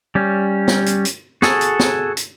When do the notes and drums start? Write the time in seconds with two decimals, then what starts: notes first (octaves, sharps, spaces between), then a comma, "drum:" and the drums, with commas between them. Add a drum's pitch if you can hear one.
0.15 G3 C#4
0.68 drum: snare
0.86 drum: hi-hat
1.05 drum: hi-hat
1.42 F#4 G#4 A4, drum: snare
1.61 drum: hi-hat
1.79 drum: snare
2.17 drum: hi-hat